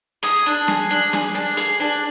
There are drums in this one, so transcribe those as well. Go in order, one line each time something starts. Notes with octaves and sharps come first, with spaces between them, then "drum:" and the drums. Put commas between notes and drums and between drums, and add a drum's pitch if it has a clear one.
G#4 D#6, drum: hi-hat
D4
G#4, drum: snare
D4
G#4, drum: snare
D4
G#4, drum: hi-hat
D4